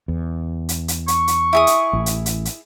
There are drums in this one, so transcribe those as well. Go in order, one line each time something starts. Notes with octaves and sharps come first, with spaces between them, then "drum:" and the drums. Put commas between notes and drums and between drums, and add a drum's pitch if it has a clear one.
E2
drum: hi-hat
drum: hi-hat
C#6, drum: hi-hat
drum: hi-hat
E4 G#4 D#6
drum: hi-hat
A1
drum: hi-hat
drum: hi-hat
drum: hi-hat